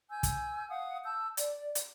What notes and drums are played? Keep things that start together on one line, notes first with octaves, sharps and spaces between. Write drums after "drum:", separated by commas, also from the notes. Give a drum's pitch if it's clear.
G#5 E6 G6
drum: kick, hi-hat
F5 F#5 D#6
A5 E6 G6
D5, drum: hi-hat
drum: hi-hat